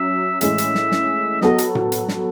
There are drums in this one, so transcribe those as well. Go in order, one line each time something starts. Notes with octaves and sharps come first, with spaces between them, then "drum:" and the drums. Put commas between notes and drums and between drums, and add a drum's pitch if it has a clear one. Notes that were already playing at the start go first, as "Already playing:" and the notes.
Already playing: F#3 C#4 E5
A2 E3 G#3 C#4 G#4 E5, drum: hi-hat
drum: hi-hat
drum: snare
drum: snare
F#3 B3 F#4 A4 D#5, drum: snare
drum: hi-hat
drum: tom A2
drum: hi-hat
drum: snare